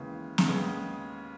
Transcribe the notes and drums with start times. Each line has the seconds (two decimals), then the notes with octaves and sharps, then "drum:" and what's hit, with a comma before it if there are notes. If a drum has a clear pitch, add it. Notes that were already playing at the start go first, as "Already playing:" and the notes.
Already playing: D#2 C#3 E3 G#3 B3
0.38 drum: snare
0.47 D#2 C#3 G#3 B3